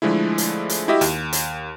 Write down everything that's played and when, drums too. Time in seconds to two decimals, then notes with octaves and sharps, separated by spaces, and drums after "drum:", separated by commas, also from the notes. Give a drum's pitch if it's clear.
0.02 D3 F3 G#3 A3 E4
0.38 drum: hi-hat
0.69 drum: hi-hat
0.88 E4 F#4 G4 D#5 E5
1.01 D#2, drum: hi-hat
1.33 drum: hi-hat